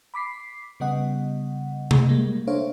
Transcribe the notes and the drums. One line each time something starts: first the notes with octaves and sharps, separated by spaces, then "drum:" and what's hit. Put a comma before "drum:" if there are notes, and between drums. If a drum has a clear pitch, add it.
B5 D6 B6 C7
C#3 G3 B3 D#5 F#5
drum: tom C3
G3 G#3 A#3
D4 A4 C5 C#5 E5 F5